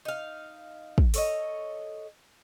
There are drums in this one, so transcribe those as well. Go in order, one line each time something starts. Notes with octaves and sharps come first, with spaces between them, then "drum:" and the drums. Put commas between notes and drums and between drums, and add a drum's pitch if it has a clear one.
D#4 F5
drum: kick
A4 C#5 D#5, drum: open hi-hat